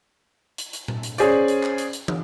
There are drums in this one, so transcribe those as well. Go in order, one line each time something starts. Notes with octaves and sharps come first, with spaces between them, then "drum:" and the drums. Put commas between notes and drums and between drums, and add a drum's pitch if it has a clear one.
drum: hi-hat
drum: hi-hat
drum: tom A#2
drum: hi-hat
C#4 G#4 C5 D5, drum: hi-hat
drum: hi-hat
drum: clap
drum: hi-hat
drum: hi-hat
drum: tom